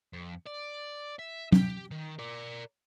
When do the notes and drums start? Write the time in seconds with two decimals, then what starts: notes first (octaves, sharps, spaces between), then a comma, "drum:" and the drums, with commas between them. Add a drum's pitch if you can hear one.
0.13 F2
0.46 D5
1.19 E5
1.52 G4, drum: tom F#3
1.91 D#3
2.19 A#4 D5